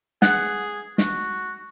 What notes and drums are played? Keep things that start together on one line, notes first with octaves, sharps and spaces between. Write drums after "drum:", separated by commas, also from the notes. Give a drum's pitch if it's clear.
G#4 F#5, drum: snare
F#4, drum: snare